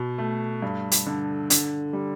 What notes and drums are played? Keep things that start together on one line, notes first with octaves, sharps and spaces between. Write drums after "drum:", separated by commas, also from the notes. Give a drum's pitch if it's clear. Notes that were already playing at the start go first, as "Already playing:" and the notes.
Already playing: B2
A3
G2
drum: hi-hat
D3
D3, drum: hi-hat
G3